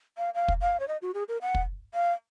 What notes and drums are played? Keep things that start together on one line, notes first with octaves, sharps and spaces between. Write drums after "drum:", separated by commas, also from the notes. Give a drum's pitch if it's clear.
F5
F5
drum: kick
F5
C#5
D#5
F#4
G#4
A#4
F#5
drum: kick
F5